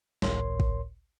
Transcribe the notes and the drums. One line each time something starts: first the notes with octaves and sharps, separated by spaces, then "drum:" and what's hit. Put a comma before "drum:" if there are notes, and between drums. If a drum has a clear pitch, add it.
G#1 C#2 A2 A#4 C#5 C6, drum: snare
drum: kick A1